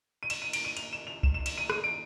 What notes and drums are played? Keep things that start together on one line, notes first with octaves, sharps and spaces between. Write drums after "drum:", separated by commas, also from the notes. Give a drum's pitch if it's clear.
D#7
E7, drum: cymbal
D#7
D7, drum: cymbal
D#7
F7, drum: cymbal
E7
F7
E7, drum: kick C2
E7
E7, drum: cymbal
D#7
D#7, drum: rim click
D7